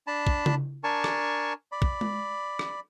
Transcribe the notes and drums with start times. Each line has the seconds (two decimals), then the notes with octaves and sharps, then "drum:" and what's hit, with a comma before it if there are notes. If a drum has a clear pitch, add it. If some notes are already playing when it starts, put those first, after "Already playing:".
0.07 D4 A5 B5
0.27 drum: kick
0.46 drum: tom C#3
0.84 D4 A#4 G#5 A5 C#6
1.04 drum: rim click
1.72 D5 B5
1.82 drum: kick
2.01 drum: tom G#3
2.59 drum: rim click